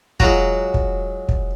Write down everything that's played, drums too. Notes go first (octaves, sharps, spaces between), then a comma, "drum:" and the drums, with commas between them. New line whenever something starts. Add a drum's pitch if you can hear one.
F#3 G#3 F4 F#4 A#5, drum: kick
drum: kick
drum: kick